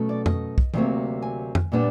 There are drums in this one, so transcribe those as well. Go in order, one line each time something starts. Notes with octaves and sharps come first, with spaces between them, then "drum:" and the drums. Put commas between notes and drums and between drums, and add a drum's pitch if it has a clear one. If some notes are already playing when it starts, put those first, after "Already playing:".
Already playing: B2 F#3 A3 C#4
D5
D#5, drum: tom F2
drum: kick B1
D2 C3 D#3 F#3 A#3, drum: tom
G#5
drum: tom F2
A#2 G3 B3 D4